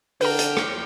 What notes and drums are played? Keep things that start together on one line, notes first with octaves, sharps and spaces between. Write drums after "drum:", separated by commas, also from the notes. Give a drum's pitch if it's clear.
D3 B4 G5 A#5 F6, drum: open hi-hat
drum: hi-hat
drum: rim click